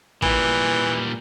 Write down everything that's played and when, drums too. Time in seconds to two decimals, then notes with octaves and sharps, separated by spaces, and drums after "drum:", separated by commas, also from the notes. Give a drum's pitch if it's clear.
0.22 A#2 E3 G3, drum: kick